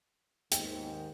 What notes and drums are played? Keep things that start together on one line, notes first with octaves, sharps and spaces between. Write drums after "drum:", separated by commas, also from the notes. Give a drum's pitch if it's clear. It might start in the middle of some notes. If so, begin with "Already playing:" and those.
D#2 G#2 D#3 G5, drum: hi-hat